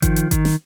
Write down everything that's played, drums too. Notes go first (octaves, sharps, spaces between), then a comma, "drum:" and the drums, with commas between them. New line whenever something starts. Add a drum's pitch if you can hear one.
D#3 F3, drum: kick G#1, hi-hat
drum: hi-hat
D#3, drum: kick G#1, hi-hat
drum: snare